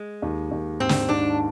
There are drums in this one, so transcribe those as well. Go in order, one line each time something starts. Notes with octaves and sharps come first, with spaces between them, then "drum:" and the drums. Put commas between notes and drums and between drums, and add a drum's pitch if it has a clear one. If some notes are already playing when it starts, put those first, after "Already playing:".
Already playing: G#3
D#2
D#2
G#2 C4
drum: snare
G#2 D4